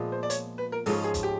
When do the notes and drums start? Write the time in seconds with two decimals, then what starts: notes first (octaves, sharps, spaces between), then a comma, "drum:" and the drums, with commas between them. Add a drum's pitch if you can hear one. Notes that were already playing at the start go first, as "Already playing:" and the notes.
Already playing: A#2 F3 G#3 B3
0.12 C5
0.23 D5
0.30 C#5, drum: hi-hat
0.58 B4
0.72 A#4
0.86 G#2 F3 G#3 C#4 A4, drum: open hi-hat
1.04 G#4
1.14 drum: kick, hi-hat
1.23 G4